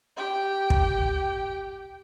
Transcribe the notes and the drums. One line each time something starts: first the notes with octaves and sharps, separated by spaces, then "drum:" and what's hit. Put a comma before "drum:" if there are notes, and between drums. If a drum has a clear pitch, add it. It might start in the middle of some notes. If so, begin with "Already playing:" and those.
G4 G5
drum: kick